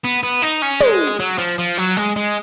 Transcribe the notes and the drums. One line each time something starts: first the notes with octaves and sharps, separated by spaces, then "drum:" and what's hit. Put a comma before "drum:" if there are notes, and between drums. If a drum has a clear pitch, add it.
B3
B3
D#4
C#4
G#3, drum: tom
drum: hi-hat
F#3
F3, drum: hi-hat
F3
F#3
G#3
G#3